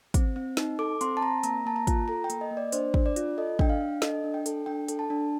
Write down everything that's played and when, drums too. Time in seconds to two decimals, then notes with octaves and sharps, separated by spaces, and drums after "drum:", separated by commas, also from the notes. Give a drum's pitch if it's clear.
0.14 C4, drum: kick, hi-hat
0.36 C4
0.57 D#4, drum: snare
0.79 A4 D6
1.01 C4 C6, drum: hi-hat
1.17 A5
1.22 C4 A#5
1.43 A#3 A#5, drum: hi-hat
1.66 A#3 A5
1.76 A#5
1.87 F4, drum: kick, hi-hat
2.08 A4 A#5
2.24 G5
2.30 A#3, drum: hi-hat
2.41 D#5
2.51 A#3
2.57 D5
2.72 D4 C5, drum: hi-hat
2.94 D4, drum: kick
3.06 D5
3.16 F4, drum: hi-hat
3.38 A4 D#5
3.59 D4 G5, drum: kick
3.69 F5
3.80 D4
4.02 A4 D#5, drum: snare
4.24 D4
4.34 G5
4.46 A4, drum: hi-hat
4.66 D4 G5
4.88 A4, drum: hi-hat
4.99 A5
5.10 D4